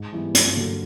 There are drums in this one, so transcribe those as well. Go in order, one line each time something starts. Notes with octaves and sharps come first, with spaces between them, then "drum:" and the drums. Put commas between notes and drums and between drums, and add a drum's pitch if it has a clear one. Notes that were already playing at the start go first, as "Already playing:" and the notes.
Already playing: G#2
E3 G3 B3 E4
G2, drum: hi-hat
D3 F#3 A#3